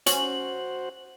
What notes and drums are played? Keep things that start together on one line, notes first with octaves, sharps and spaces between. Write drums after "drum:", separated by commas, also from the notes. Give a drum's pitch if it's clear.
C#4 F#4 C5 F#7, drum: hi-hat